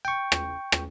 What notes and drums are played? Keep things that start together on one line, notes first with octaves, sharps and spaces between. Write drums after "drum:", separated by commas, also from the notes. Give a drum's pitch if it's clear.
G5 C#6
drum: rim click
drum: rim click